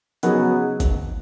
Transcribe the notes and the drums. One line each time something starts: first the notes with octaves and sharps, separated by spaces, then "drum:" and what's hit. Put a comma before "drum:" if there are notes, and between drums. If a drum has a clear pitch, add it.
C#3 F#3 B3 D#4 G#4, drum: hi-hat
drum: kick, hi-hat